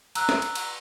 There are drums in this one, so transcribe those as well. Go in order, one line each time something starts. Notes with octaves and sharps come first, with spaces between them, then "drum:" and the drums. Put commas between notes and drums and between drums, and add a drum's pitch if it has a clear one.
A#5 E6 F#6, drum: cymbal
drum: snare
drum: cymbal
drum: cymbal